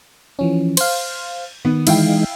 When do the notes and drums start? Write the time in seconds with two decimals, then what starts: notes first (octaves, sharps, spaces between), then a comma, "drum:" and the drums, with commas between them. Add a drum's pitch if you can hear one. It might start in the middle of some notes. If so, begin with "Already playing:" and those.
0.39 E3 F3 C#4
0.77 C5 F5, drum: cymbal
1.65 D#3 B3
1.87 E3 G#3 D#4 E4 F5 G5, drum: cymbal